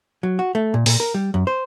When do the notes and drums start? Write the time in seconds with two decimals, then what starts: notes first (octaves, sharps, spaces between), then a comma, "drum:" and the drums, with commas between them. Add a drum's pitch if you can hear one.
0.23 F#3
0.39 F#4
0.55 A3
0.74 A#2
0.86 A#2, drum: open hi-hat
1.00 A#4
1.14 G3
1.34 F#2
1.47 C5